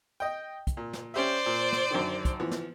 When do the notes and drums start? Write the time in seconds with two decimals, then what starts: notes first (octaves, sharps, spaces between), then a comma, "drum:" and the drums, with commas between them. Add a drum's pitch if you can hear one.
0.20 D#5 G5
0.67 drum: kick, hi-hat
0.77 A#2
0.93 drum: snare
1.14 C#4 G4 C5 D5 E5
1.46 A#2
1.72 drum: snare
1.91 F#2 D3 D#3
2.25 drum: kick, hi-hat
2.40 E3 F3 B3
2.51 drum: snare